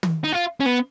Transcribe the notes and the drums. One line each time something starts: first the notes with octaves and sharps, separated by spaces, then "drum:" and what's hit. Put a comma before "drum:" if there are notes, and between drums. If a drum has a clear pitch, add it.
drum: tom
D#4
F4
C#4
B3